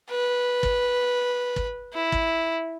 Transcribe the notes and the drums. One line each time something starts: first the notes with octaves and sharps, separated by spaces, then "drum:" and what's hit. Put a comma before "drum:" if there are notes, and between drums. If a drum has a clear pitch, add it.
B4
drum: kick
drum: kick
E4
drum: kick